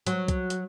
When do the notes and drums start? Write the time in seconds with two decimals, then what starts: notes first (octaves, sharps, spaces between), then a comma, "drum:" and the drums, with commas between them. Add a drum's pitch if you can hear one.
0.07 F#3, drum: hi-hat
0.28 drum: kick, hi-hat
0.50 drum: hi-hat